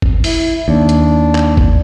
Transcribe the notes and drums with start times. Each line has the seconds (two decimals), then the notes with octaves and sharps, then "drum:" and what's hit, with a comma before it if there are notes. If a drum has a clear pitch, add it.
0.02 drum: kick
0.24 E4, drum: open hi-hat
0.68 D#2 D4
0.89 drum: hi-hat
1.35 drum: clap
1.57 drum: kick